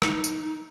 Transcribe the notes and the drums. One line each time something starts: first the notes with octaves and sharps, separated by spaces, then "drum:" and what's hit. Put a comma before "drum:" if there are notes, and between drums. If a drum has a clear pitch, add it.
D#4, drum: rim click
drum: tambourine